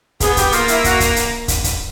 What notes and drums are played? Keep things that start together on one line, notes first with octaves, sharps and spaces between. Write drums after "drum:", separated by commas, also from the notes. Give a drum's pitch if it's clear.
B3 G#4, drum: kick, hi-hat
G4, drum: kick, hi-hat
A#3 F4, drum: hi-hat
E4, drum: hi-hat
F#4, drum: kick, hi-hat
drum: kick, hi-hat
drum: hi-hat
drum: kick, hi-hat
drum: kick, hi-hat